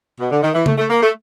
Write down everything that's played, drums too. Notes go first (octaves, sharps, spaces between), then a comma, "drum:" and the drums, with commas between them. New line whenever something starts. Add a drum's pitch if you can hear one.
B2
D3
D#3
E3
A3, drum: tom C#3
A3
A#3
A3